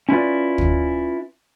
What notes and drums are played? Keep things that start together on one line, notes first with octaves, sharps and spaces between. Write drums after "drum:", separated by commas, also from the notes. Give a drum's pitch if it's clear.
C#4 E4 F4 B4 D5
drum: kick